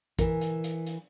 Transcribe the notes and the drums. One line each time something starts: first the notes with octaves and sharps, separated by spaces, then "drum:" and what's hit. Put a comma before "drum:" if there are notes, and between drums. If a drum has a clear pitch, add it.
E3 A#4, drum: kick A#1, hi-hat
drum: hi-hat
drum: hi-hat
drum: hi-hat